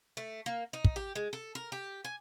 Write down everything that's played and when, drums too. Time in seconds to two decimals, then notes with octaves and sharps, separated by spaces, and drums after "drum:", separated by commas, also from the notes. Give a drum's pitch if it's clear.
0.17 A3
0.46 A#3
0.73 D#4
0.85 drum: kick
0.96 G4
1.16 G#3
1.33 A4
1.55 A#4
1.72 G4
2.05 G#5